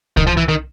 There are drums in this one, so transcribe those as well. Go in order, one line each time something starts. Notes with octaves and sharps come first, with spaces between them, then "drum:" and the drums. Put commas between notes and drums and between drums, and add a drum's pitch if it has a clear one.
D#3, drum: kick C2
F3
E3
D#3